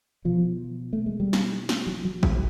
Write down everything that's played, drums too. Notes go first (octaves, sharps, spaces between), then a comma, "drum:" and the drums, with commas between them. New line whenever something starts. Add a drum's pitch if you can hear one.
B2 F3
A3
G#3
G3
drum: snare
drum: snare
F#3
F#3
F#3, drum: kick